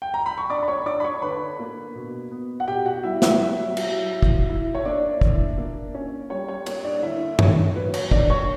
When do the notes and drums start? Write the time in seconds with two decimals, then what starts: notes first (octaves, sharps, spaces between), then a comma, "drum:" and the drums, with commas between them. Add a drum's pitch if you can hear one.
0.02 G5
0.14 A#5
0.26 B5
0.38 C#6
0.50 D4 D5 D6
0.62 B5
0.68 C#5 C#6
0.86 D4 D5 D6
1.00 B5
1.04 C#5 C#6
1.22 D3 B4 B5
1.59 A#3
1.95 B2
2.31 B3
2.60 F#5
2.68 B2 G4 G5
2.85 F#4 F#5
3.03 G3 E4 E5
3.22 E4 E5, drum: snare
3.40 F#3
3.77 F#3, drum: cymbal
4.13 E4
4.22 drum: kick
4.49 E4
4.75 C#5
4.85 A#3 D4 D5
5.21 E4, drum: kick
5.58 A#3
5.94 C#4
6.30 G3 C#5
6.48 C#5
6.66 A#3 C#5, drum: cymbal
6.85 D4 D5
7.03 D3 E4 E5
7.39 A#3 C#5, drum: tom
7.75 F#3 B4
7.94 C#5, drum: cymbal
8.11 A#3 D4 D5, drum: kick
8.30 C#5 C#6